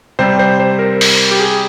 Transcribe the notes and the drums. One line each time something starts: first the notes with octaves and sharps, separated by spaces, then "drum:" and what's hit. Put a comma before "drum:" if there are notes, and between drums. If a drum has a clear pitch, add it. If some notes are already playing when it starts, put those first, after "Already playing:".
C3 G3 C4 C5
C5
C5
A#4
drum: open hi-hat
G4
G#4